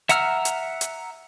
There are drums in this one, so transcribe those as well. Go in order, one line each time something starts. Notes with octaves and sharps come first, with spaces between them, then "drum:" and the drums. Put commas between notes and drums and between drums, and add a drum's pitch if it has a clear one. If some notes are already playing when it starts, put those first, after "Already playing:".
E5 F#5 A#5 E6 F6, drum: hi-hat
drum: hi-hat
drum: hi-hat